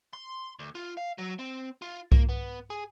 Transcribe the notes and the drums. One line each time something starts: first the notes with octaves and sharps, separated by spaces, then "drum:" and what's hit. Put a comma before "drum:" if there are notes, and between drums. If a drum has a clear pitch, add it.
C6
D2
F4
F5
F#3
C4
F4
A#3, drum: kick C2
B3
G#4